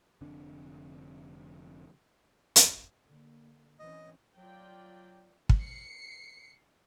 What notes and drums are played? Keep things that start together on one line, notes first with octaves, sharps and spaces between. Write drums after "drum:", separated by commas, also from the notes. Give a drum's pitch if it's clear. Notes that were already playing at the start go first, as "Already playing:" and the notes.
F1 D3 C4 D4
drum: hi-hat
D3 A#3
E3 C4 C#4 D#5
F#3 F4 D5 G5
drum: kick
C7 C#7